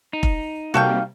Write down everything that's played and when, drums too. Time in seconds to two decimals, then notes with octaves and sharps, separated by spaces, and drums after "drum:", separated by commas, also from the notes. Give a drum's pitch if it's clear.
0.13 D#4
0.23 drum: kick F1
0.74 C3 G3 A#3 F#4 A4 F5 G5